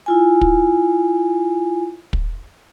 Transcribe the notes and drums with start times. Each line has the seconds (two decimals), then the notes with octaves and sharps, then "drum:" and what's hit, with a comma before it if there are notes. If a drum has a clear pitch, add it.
0.06 E4 F4 G#5
0.41 drum: kick
2.13 drum: kick